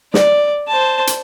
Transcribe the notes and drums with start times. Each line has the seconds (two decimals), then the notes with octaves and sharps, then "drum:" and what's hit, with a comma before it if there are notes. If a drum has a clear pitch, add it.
0.14 D5, drum: snare
0.68 C5 A5
1.07 drum: hi-hat